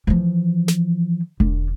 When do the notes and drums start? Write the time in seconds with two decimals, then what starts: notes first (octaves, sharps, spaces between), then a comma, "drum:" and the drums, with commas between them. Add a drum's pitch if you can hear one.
0.07 E3 F3
0.68 drum: snare
1.40 D3, drum: kick E1